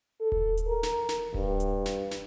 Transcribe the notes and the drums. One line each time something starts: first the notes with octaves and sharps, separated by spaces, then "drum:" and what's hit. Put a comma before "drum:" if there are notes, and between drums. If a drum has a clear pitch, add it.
A4
drum: kick D#1
drum: hi-hat
A#4
drum: snare
drum: snare
G2, drum: kick D#1
drum: hi-hat
drum: snare
drum: snare